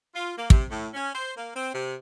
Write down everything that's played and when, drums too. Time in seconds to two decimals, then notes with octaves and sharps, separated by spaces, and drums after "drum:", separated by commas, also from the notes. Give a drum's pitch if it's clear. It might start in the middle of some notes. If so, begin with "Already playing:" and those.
0.14 F4
0.36 A#3
0.50 C3, drum: kick
0.68 A2
0.94 C#4
1.14 C5
1.36 A#3
1.55 C4
1.73 C3